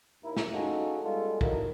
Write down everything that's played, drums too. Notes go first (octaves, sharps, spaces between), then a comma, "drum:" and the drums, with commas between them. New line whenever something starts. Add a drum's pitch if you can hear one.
D#2 E4 A#4
drum: snare
C#4 D#4 F4 F#4 G#4 A4
G3 G#3 B3 F4 A4
D#3 F#3 E4, drum: kick